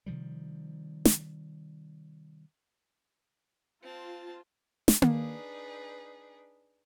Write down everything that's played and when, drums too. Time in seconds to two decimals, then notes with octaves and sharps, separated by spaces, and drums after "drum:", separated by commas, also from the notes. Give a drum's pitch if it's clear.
0.06 C3 D#3 F3 G3
1.05 drum: snare
3.83 C4 F4 A5
4.88 drum: snare
5.02 D4 D#4 G#4 B4, drum: tom A#3